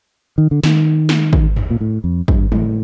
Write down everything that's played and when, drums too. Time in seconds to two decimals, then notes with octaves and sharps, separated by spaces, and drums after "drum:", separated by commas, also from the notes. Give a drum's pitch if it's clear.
0.38 D#3
0.51 D3
0.63 D#3, drum: snare
1.09 drum: snare
1.33 drum: kick
1.56 drum: tom
1.70 A#2
1.81 A2
2.04 F2
2.28 G2, drum: kick
2.52 A2, drum: tom